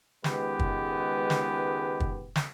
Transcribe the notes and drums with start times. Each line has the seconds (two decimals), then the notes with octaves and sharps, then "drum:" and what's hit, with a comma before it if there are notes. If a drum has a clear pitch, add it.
0.24 C#2 D#3 G#3 B3 G4 B4, drum: snare
0.59 drum: kick
1.30 drum: snare
2.00 drum: kick
2.36 drum: snare